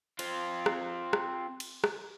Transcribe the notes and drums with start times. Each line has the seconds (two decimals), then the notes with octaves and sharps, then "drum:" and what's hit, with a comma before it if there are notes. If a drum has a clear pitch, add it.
0.19 C4 F4, drum: cymbal
0.66 drum: rim click
1.13 drum: rim click
1.60 drum: cymbal
1.84 drum: rim click